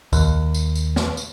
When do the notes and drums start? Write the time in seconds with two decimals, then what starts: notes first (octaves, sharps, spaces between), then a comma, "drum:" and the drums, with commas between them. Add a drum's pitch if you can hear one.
0.13 D#2, drum: kick C2, tambourine
0.54 drum: tambourine
0.75 drum: tambourine
0.96 drum: snare
1.17 drum: tambourine